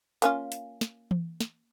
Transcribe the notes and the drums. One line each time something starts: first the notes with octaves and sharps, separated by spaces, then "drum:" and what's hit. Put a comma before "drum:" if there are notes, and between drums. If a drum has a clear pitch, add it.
A#3 C#4 F4, drum: hi-hat
drum: hi-hat
drum: snare
drum: tom E3
drum: snare